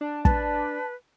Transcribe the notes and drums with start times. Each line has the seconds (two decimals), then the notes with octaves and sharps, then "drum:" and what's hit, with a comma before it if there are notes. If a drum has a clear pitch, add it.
0.01 D4 A5
0.25 B4 A5, drum: kick